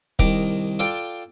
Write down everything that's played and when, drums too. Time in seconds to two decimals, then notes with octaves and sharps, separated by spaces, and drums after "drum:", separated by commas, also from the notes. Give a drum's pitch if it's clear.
0.19 C2 D#3 A#5 D6, drum: kick
0.79 F4 A4 D5 G5